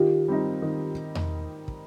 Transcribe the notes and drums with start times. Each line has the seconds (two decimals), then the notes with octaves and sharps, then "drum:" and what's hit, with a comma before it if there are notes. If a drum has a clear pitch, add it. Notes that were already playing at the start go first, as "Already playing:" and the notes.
Already playing: D#3 F4 G4
0.28 G3 C4 D#4
0.62 D#3
1.15 drum: tom E2
1.68 drum: kick